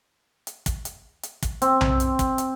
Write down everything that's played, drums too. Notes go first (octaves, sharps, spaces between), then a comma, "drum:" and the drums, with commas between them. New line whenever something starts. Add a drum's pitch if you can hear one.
drum: hi-hat
drum: kick, hi-hat
drum: hi-hat
drum: hi-hat
drum: kick, hi-hat
C4, drum: hi-hat
drum: tom B1
drum: hi-hat
drum: kick, hi-hat
drum: hi-hat